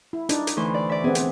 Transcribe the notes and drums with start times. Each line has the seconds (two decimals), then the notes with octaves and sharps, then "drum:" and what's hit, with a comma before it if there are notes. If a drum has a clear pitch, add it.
0.13 E4
0.29 D4 D#4, drum: hi-hat
0.47 drum: hi-hat
0.56 D2 E3 C5
0.74 D5
0.89 D5 E5
1.04 B3 C4 G#4
1.15 drum: hi-hat